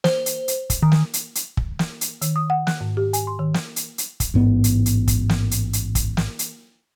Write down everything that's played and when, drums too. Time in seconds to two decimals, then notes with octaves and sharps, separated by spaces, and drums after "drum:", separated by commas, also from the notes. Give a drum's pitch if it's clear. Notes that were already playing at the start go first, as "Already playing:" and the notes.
0.04 C5, drum: snare
0.26 drum: hi-hat
0.48 drum: hi-hat
0.70 drum: kick, hi-hat
0.83 D#3
0.92 drum: snare
1.13 drum: hi-hat
1.35 drum: hi-hat
1.57 drum: kick
1.79 drum: snare
2.01 drum: hi-hat
2.22 D#3, drum: hi-hat
2.36 D#6
2.50 F#5
2.67 F#6, drum: snare
2.81 G#2
2.97 G4
3.13 G#5, drum: hi-hat
3.27 C6
3.39 D#3
3.54 drum: snare
3.76 drum: hi-hat
3.98 drum: hi-hat
4.20 drum: kick, hi-hat
4.34 A1 G#2 B3
4.64 drum: hi-hat
4.86 drum: hi-hat
5.08 drum: kick, hi-hat
5.29 drum: snare
5.51 drum: hi-hat
5.73 drum: hi-hat
5.95 drum: kick, hi-hat
6.17 drum: snare
6.39 drum: hi-hat